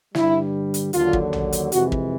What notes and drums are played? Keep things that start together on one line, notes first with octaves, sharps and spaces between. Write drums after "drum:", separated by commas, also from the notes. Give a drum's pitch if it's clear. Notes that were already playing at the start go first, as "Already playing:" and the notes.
G2 D3 G3 E4, drum: snare
drum: hi-hat
D#2 D3 F#3 F4, drum: hi-hat
drum: kick
drum: tom A#1
drum: hi-hat
F2 C3 E3 G#3 F#4, drum: hi-hat
drum: kick